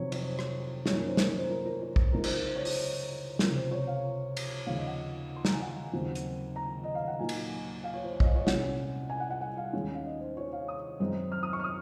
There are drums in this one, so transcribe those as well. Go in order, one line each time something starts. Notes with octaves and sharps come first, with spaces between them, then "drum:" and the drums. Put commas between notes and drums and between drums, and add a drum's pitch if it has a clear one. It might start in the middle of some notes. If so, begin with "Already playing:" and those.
Already playing: F2 C3 D#3 F#3 C4 C#5
C#5, drum: cymbal
C5
drum: rim click
F#2 D#3 A#3 C#4 C#5, drum: snare
A#4
C5
A#4, drum: snare
C5
C5
A#4
A#4
A#4
drum: kick
C#2 C#3 G#3 D#4 A#4
C5, drum: cymbal
A#4
C5
C#5
C5, drum: open hi-hat
C#2 C3 F3 A#4, drum: snare
C5
C#5
F5
drum: cymbal
D#2 C#3 F3 F5
D#5
F#5
C6
A#5, drum: snare
G#5
F#5
D#2 C#3 F#3 C4 D#4
drum: hi-hat
A#5
D#5
F5
F#5
A#2 F#3 A#3 D#4 G#5
drum: cymbal
F5
C#5
C5
C5
D#5, drum: kick
F5
D#5
C#5
C2 A#2 G#3 C#4 F#5, drum: snare
G#5
F#5
F#5
F#5
F5
D#2 D#3 G#3 C#4
F5
D#5
C5
C#5
F5
D#6
F#2 D#3 G#3 C4 D#4
F6
D#6
C#6
F6
D#6